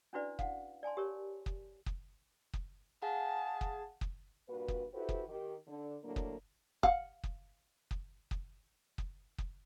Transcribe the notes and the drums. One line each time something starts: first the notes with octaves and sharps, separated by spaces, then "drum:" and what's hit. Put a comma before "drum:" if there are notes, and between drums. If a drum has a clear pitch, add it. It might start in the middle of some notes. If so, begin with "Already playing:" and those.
C#4 D4 E4 F#4 B4 D5
F5 F#5, drum: kick
D5 G#5 A5 C6
G4 A#4 C#5
drum: kick
drum: kick
drum: kick
G#4 F5 F#5 A5
drum: kick
drum: kick
G2 A#2 F#4 B4
drum: kick
E4 F#4 G4 A4 B4 C5
drum: kick
D#3 G4
D3
A2 D3 F#3 A#3 D4 A4
drum: kick
F5 F#5, drum: kick
drum: kick
drum: kick
drum: kick
drum: kick
drum: kick